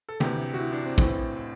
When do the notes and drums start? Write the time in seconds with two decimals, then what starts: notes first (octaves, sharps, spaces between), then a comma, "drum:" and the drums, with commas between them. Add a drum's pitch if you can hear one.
0.09 A4
0.20 D2 C3 E3 G4, drum: tom D3
0.54 F#4
0.59 E4
0.72 D4
0.86 C4
0.98 A1 A2 E3 C4, drum: kick